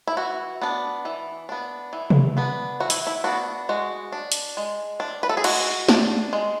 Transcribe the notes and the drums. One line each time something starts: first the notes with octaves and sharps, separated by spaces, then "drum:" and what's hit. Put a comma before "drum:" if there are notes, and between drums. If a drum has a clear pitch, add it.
E4
E3 F#4
B3 D4
E3
B3 D4
E3
drum: tom C3
B3 D4
E3 F#4
E4, drum: hi-hat
E4
B3 D4 F#4
G#3 F#4
D4
drum: hi-hat
G#3
D4
B4
A4
G#4
G#3 F#4, drum: cymbal
D4, drum: snare
G#3